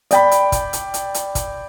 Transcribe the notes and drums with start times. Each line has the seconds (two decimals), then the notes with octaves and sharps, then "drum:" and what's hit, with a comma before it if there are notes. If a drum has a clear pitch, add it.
0.11 D5 G5 B5, drum: hi-hat
0.31 drum: hi-hat
0.52 drum: kick, hi-hat
0.73 drum: hi-hat
0.94 drum: hi-hat
1.14 drum: hi-hat
1.35 drum: kick, hi-hat